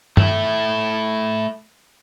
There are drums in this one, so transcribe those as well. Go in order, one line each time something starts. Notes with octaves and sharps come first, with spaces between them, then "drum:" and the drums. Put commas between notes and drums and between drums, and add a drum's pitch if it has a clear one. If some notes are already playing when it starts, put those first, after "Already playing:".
A3 E4, drum: tom G2